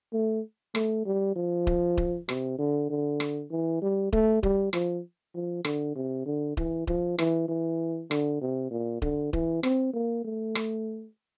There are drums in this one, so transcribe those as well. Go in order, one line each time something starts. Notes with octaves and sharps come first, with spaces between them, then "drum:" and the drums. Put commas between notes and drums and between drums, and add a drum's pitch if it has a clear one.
A3
A3, drum: rim click
G3
F3
drum: kick D#1
drum: kick D#1
C3, drum: rim click
D3
D3
drum: rim click
E3
G3
A3, drum: kick D#1
G3, drum: kick D#1
F3, drum: rim click
F3
D3, drum: rim click
C3
D3
E3, drum: kick D#1
F3, drum: kick D#1
E3, drum: rim click
E3
D3, drum: rim click
C3
A#2
D3, drum: kick D#1
E3, drum: kick D#1
C4, drum: rim click
A#3
A3
drum: rim click